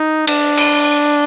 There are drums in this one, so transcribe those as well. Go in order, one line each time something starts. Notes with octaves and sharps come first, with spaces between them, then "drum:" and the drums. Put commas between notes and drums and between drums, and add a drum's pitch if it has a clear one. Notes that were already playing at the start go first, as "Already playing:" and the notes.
Already playing: D#4
D4, drum: cymbal
drum: cymbal